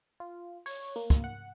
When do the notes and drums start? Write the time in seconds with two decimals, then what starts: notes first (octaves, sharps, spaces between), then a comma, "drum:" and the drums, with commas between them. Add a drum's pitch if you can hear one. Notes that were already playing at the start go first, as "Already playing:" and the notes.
0.20 F4
0.66 C#5, drum: open hi-hat
0.96 A#3
1.10 drum: kick, hi-hat
1.24 F#5